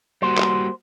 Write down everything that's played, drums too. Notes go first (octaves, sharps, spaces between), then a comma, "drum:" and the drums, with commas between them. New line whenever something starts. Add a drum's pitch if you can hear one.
G3 A#3 F#4 C5
drum: clap